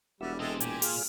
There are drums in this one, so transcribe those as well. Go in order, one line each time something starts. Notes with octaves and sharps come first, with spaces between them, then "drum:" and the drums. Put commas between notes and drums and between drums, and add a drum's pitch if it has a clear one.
E1 G3 F#4 E5
G#3 C4 G4 A4 D#5 E5
A#2 G4 G#5, drum: hi-hat
F4 G#4 F6, drum: open hi-hat